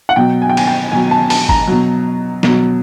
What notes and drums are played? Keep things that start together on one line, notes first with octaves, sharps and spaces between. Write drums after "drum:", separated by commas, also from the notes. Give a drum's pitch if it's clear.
F#5
B2 F#3 G5
G#5
G5
G#5, drum: cymbal
G5
B2 F#3 G#5
A5
A5, drum: open hi-hat
A#5, drum: kick
B2 F#3
B2 F#3, drum: snare